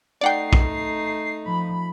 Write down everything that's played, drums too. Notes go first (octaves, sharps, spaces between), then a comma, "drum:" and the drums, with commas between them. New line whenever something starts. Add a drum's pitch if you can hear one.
A3 D#4 D5 F#5 G5 C7
drum: kick A#1
F3 B5